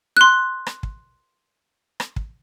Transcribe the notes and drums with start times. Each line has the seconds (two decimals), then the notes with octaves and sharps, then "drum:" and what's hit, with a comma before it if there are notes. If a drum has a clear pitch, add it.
0.17 C6 F#6
0.67 drum: rim click
0.83 drum: kick
2.00 drum: rim click
2.16 drum: kick